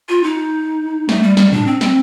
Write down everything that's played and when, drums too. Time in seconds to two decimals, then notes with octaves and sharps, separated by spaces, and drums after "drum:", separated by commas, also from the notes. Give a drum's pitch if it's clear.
0.09 F4
0.23 D#4
1.09 A3, drum: snare
1.23 G3
1.37 G3, drum: snare
1.52 D4, drum: tom G#2
1.66 C4
1.81 C4, drum: snare